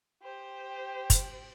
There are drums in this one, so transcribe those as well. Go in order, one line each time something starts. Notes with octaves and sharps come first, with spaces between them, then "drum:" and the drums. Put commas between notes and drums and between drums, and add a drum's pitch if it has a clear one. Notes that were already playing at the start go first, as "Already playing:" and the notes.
G4 C5
drum: kick, hi-hat